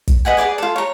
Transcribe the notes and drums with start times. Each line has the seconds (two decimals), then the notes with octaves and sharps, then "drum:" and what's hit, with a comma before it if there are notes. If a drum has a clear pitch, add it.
0.08 drum: kick, hi-hat
0.25 B4 D#5 F#5 G#5
0.37 G#4 B4 D5 G#5
0.58 F4 A4
0.76 C#5 A#5